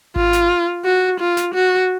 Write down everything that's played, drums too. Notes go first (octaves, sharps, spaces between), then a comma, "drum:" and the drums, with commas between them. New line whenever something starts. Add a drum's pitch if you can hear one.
F4, drum: kick G#1
drum: snare
F#4
F4
drum: snare
F#4